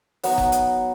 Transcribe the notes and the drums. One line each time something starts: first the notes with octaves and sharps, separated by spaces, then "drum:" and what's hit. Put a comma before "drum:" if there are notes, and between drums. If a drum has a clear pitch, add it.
F#3 B3 D#4 F#5, drum: open hi-hat
drum: kick F#1
drum: hi-hat